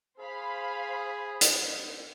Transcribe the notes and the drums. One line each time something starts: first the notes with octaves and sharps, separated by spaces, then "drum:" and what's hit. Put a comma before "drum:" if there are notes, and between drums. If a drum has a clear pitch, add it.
G#4 C5 F5 B5
drum: hi-hat